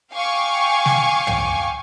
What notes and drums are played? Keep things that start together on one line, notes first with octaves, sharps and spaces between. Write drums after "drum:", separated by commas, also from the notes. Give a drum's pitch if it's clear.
F5 G5 G#5 C#6 D6
drum: snare
drum: tom